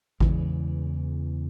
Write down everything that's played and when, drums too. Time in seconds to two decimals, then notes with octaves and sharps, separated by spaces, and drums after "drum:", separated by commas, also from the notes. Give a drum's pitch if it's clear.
0.20 E2 C#3 E3 G#3, drum: kick G#1